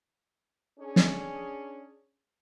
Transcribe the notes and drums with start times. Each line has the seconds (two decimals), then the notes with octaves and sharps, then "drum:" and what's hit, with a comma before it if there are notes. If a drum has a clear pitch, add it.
0.79 C#4 D4 G#4
0.96 drum: snare